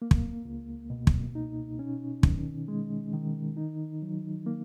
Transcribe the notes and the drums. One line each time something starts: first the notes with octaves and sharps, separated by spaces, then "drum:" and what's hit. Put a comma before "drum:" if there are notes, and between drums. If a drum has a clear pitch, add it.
A#3
drum: kick
C#2
B2
drum: kick
D#4
C#4
D#3, drum: kick
G#3
D#3
D#4
F#3
A#3